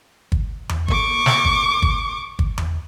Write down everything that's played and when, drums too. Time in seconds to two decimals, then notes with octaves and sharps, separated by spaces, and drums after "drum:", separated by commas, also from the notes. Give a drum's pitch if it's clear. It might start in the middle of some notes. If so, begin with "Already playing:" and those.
0.32 drum: kick
0.69 drum: tom E2
0.88 C#6 D6, drum: kick
1.26 drum: snare
1.45 drum: kick
1.82 drum: kick
2.39 drum: kick
2.58 drum: tom E2